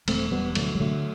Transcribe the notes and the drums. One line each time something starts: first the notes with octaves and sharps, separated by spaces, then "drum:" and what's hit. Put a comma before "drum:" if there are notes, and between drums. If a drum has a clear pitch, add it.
E1 A3 C4, drum: cymbal
E1 G3 B3
D2 F#3 A3, drum: cymbal
G3
D3 F#3 A3